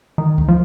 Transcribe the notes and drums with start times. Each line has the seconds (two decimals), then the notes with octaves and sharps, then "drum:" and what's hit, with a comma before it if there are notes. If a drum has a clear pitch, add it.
0.18 D#3
0.38 drum: kick C#2
0.48 F3